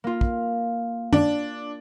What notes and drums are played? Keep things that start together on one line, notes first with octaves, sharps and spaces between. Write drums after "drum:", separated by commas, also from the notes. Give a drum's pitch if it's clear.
A#3 F4
drum: kick
D4, drum: tom